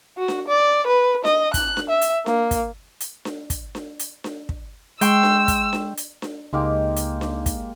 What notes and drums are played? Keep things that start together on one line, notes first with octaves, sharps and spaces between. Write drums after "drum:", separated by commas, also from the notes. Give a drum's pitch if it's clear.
F#4
drum: snare D4
D5
B4
D#5, drum: snare D4
F#6, drum: kick, hi-hat
drum: snare D4
E5
drum: hi-hat
A#3, drum: snare D4
drum: kick, hi-hat
drum: hi-hat
drum: snare D4
drum: kick, hi-hat
drum: snare D4
drum: hi-hat
drum: snare D4
drum: kick
G#3 G5 C6 C#6 E6, drum: hi-hat
drum: snare D4
drum: kick, hi-hat
drum: snare D4
drum: hi-hat
drum: snare D4
C#2 G#3 A#3 D#4 G4
drum: hi-hat
drum: snare D4
drum: kick, hi-hat